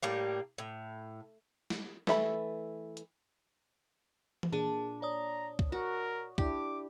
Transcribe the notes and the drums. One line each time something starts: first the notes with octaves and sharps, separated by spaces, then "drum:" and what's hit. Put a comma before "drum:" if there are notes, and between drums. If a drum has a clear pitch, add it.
A2 G3 A#3
A2
drum: snare
E3 A3 E5 B5, drum: snare
drum: hi-hat
drum: tom E3
A#2 D4 G#4 A5
C#5 D5 A#5 D#6
drum: kick
F#4 A#4
D4 E4 G4 D6, drum: kick